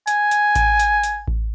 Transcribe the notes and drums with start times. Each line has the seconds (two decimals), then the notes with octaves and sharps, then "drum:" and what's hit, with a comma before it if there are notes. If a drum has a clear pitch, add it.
0.07 G#5, drum: hi-hat
0.31 drum: hi-hat
0.55 drum: kick A1, hi-hat
0.79 drum: hi-hat
1.04 drum: hi-hat
1.28 drum: kick A1